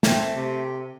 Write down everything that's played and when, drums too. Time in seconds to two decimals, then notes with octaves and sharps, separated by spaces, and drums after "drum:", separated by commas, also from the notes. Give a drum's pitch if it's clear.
0.03 A3 C4, drum: snare
0.36 C3